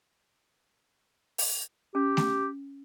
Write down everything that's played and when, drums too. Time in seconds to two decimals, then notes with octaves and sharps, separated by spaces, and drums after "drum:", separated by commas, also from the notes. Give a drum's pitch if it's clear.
1.38 drum: open hi-hat
1.95 C#4 G4
2.17 drum: snare A3